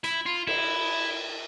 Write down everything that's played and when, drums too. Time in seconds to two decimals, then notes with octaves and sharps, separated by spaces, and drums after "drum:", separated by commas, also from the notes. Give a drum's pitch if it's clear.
0.04 E4, drum: hi-hat
0.26 F4
0.47 E4, drum: cymbal